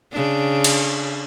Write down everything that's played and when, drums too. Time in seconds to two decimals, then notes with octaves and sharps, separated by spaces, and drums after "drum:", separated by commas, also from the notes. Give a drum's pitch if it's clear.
0.12 C#3 D4
0.64 drum: cymbal